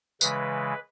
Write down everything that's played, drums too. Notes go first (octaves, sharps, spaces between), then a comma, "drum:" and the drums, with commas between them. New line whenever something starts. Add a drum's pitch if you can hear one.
C#3 E3 G#3 B4, drum: tambourine